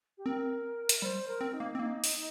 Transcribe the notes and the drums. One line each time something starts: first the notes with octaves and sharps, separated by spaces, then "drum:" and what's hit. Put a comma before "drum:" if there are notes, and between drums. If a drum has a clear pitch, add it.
G4
C4 A#4
drum: hi-hat
G3 C5
A#4
C4
D#4
A#3
C4
A#3 D#4
drum: open hi-hat